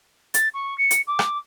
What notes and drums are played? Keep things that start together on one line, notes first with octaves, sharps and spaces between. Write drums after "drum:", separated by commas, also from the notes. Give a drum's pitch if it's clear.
A6, drum: hi-hat
C#6
C#7
drum: hi-hat
D6
drum: rim click